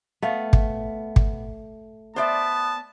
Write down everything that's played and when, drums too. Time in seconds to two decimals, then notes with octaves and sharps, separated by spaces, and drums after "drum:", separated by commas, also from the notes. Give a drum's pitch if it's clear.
0.22 A3 B3 F5
0.53 drum: kick
1.16 drum: kick
2.16 B3 C5 D5 E5 A5